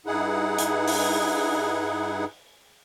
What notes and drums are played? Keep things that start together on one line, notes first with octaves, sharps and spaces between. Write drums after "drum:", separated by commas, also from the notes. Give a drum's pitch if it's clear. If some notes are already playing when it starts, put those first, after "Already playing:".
G2 D#4 E4 G#4 F#5
drum: hi-hat
drum: open hi-hat